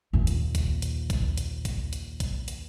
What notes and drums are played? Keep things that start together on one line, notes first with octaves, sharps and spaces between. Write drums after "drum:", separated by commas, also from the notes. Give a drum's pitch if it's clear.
D#2 A#2
drum: hi-hat
drum: kick A#1, hi-hat
drum: hi-hat
drum: kick A#1, hi-hat
drum: hi-hat
drum: kick A#1, hi-hat
drum: hi-hat
drum: kick A#1, hi-hat
drum: hi-hat